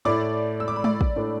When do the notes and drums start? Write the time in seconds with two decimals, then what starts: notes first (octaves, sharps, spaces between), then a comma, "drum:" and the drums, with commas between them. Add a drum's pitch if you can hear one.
0.05 A2 A3 E4 D5 D6
0.60 E6
0.68 D6
0.76 B5
0.84 D5 D6, drum: tom G#3
1.01 drum: kick
1.16 A2 A3 D4